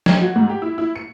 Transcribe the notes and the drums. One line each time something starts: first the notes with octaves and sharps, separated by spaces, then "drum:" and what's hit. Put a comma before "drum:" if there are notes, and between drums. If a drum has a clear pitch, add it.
G#6, drum: snare
F#4
G#2
G4
E4
E4
C#7